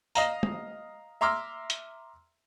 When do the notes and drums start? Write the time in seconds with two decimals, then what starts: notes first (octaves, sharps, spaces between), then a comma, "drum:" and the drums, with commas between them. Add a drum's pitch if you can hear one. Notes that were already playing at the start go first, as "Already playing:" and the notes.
0.15 D#5 F5 A#5, drum: tambourine
0.43 drum: tom
1.21 E5 A#5 C6 D6 E6 F6
1.70 drum: hi-hat